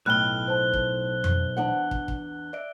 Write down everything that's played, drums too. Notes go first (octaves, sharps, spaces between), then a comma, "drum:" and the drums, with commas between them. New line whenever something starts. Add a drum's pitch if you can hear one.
B1 A2 G5 B5 F6 F#6 G7
C5 A5
drum: kick
drum: tom F2
E2 D4 F#5
drum: kick
drum: kick
D5 E5 D7